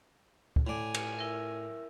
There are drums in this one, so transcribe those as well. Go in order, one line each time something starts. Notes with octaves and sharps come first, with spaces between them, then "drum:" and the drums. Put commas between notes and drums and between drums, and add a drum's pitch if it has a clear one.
drum: kick
A2 D5 G#5
drum: cymbal
E4 A#4 E5